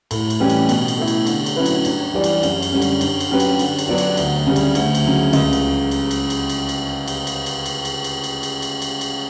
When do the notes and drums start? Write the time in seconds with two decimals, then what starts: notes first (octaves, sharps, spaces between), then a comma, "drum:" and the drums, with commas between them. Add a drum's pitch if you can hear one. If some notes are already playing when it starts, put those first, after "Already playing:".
0.11 A2, drum: cymbal
0.30 drum: cymbal
0.40 E3 G3 C#4 G4
0.50 drum: cymbal
0.69 B2, drum: cymbal
0.88 drum: cymbal
0.98 A3 E4
1.08 drum: cymbal
1.27 D3, drum: cymbal
1.46 drum: cymbal
1.56 F#3 C#4 E4 B4
1.66 drum: cymbal
1.85 G2, drum: cymbal
2.14 E3 G3 D4
2.24 drum: cymbal
2.43 F#2, drum: cymbal
2.62 drum: cymbal
2.72 D3 G3 C#4
2.82 drum: cymbal
3.01 G2, drum: cymbal
3.20 drum: cymbal
3.30 F#3 C#4 G4 B4
3.40 drum: cymbal
3.59 D3, drum: cymbal
3.79 drum: cymbal
3.88 F#3 B3 D4 F#4
3.98 drum: cymbal
4.17 D2, drum: cymbal
4.47 C#3 G3
4.56 drum: cymbal
4.75 D2, drum: cymbal
4.95 drum: cymbal
5.05 C#3 F#3
5.33 C#2, drum: cymbal
5.53 drum: cymbal
5.91 drum: cymbal
6.11 drum: cymbal
6.30 drum: cymbal
6.49 drum: cymbal
6.69 drum: cymbal
7.08 drum: cymbal
7.27 drum: cymbal
7.46 drum: cymbal
7.66 drum: cymbal
7.85 drum: cymbal
8.04 drum: cymbal
8.24 drum: cymbal
8.43 drum: cymbal
8.62 drum: cymbal
8.82 drum: cymbal
9.01 drum: cymbal